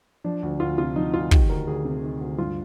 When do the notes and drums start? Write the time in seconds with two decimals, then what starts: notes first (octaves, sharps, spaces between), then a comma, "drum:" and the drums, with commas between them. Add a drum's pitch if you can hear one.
0.24 F3 D4
0.43 D2
0.60 D2 F4
0.78 C3 F4
0.96 F3 D#4
1.14 D2 F4
1.31 D#3 G4, drum: kick
1.49 D2 A#4
1.67 D2 G#4
1.85 C3
2.02 D#3
2.21 D2
2.38 G2 F4